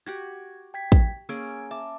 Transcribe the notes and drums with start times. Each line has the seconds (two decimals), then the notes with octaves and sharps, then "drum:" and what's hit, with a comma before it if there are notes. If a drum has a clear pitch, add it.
0.06 F#4 G4 F#5 G#6
0.74 G5 G#6 B6
0.92 drum: kick
1.29 A#3 C#4 G#4 E6 G#6 D7
1.71 E5 A5 D6